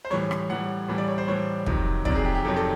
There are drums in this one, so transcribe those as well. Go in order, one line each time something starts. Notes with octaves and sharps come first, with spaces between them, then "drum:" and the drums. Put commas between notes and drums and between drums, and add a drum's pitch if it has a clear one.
C5
A2 E3 G3 C#5
drum: rim click
A2 E3 G3 F#5
A2 E3 G3
D5
C#5
C5
A2 E3 G3 C#5
F2 C3 D#3 F#3, drum: kick
F2 C3 D#3 F#3 D5, drum: kick
G#4
G4
G4
F2 C3 D#3 F#3 A4
A4